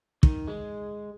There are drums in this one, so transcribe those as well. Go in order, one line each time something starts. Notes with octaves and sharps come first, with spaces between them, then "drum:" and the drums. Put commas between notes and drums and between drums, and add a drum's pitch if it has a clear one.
D#3, drum: kick
G#3